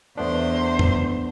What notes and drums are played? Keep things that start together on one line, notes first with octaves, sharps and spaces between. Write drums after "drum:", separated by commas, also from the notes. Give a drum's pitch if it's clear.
E2 A3 B3 D4 C5
drum: tom F2